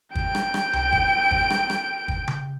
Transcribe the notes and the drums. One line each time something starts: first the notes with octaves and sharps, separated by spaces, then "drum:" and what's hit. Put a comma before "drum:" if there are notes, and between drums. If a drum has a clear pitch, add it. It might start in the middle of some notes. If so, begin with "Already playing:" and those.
G5 D7, drum: kick
drum: rim click
drum: rim click
drum: tom C2
drum: kick
drum: kick
drum: rim click
drum: rim click
drum: kick
drum: tom C#3